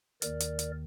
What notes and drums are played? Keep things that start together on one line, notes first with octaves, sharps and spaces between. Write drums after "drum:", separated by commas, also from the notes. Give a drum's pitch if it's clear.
D#2 D#3 A#4 D5, drum: hi-hat
drum: hi-hat
drum: hi-hat